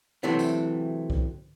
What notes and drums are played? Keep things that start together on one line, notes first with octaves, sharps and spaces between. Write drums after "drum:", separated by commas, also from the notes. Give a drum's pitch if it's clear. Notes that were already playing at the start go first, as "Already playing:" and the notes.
C3 E3 F#3 A3 C4
drum: tambourine
drum: kick